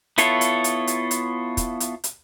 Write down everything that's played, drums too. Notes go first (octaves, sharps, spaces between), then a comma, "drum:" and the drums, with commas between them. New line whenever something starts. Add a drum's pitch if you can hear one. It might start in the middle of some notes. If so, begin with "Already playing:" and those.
B3 E4 F4 A4 C#5, drum: hi-hat
drum: hi-hat
drum: hi-hat
drum: hi-hat
drum: hi-hat
drum: kick, hi-hat
drum: hi-hat
drum: hi-hat